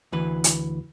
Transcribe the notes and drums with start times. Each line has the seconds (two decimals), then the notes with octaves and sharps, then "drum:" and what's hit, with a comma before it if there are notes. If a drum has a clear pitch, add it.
0.12 D2 E3 B4
0.44 drum: hi-hat